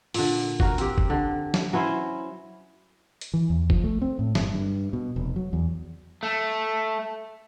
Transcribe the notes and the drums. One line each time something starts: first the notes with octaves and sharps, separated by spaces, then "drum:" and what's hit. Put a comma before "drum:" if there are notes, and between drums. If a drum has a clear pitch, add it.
A#2 D3, drum: open hi-hat
F#4 A#4, drum: kick
C4 G4, drum: hi-hat
drum: kick
D3
drum: snare
F#3 C#4 E4 C5
drum: hi-hat
E3
E2
F3, drum: kick
A3
C4
A2
G1, drum: snare
G2
B2
F1
F#3
E2
A3